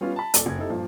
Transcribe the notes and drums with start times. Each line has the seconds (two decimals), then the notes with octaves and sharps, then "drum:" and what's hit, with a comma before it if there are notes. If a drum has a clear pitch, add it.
0.01 G3 B3 C#4 F4 G4
0.16 A5 B5
0.34 D#1 A4 D5, drum: hi-hat
0.46 F#1 G#6
0.58 C4 D#4 E4 G4 A4
0.70 G2 A#2 F3